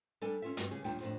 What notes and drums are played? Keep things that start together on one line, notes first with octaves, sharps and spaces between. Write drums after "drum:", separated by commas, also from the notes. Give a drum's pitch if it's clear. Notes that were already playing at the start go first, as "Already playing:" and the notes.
G3 D4 A4 D5 G#5
C#4 F4 E5
G2 G3 B3 C4 F#4 D#5, drum: hi-hat
C#3 G3 G#4
D#2 A#2 D#3 G3 D4 G5
F2 A2 D4